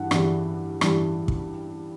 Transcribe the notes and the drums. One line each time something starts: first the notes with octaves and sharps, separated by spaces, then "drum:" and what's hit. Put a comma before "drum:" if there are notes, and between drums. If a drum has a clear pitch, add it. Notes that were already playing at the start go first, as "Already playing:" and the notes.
Already playing: G2 E3 F#5
G2 E3 G3, drum: rim click
G2 E3 G3, drum: rim click
drum: kick